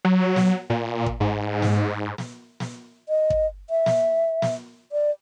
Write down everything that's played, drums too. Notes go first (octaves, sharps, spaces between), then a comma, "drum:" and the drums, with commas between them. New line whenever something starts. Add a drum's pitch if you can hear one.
F#3
drum: snare
A#2
drum: kick
G#2
drum: snare
drum: snare
drum: snare
D#5
drum: kick
E5
drum: snare
drum: snare
D5